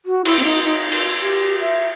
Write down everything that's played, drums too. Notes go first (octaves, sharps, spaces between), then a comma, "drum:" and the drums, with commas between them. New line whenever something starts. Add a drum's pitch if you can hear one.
F#4
E4, drum: cymbal
C4, drum: cymbal
D#4
D#4
drum: cymbal
G4
E5